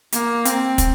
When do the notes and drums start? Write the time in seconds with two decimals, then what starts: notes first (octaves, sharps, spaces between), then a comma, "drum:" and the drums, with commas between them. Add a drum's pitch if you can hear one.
0.12 A#3, drum: hi-hat
0.45 C4, drum: hi-hat
0.78 drum: kick, hi-hat